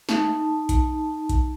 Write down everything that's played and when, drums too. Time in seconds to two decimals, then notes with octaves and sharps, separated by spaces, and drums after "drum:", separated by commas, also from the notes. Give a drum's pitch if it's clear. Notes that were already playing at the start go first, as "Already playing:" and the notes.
0.09 D#4 A5, drum: snare
0.69 drum: kick B1, hi-hat
1.29 drum: kick B1, hi-hat